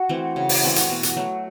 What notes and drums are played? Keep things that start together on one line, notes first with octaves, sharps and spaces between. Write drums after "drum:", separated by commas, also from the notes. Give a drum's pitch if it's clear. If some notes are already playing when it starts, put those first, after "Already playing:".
Already playing: F#4 F#5
E3 A3 C4
C#3
drum: open hi-hat
E3 A3 C4
drum: hi-hat
B2
drum: hi-hat
F#3 A3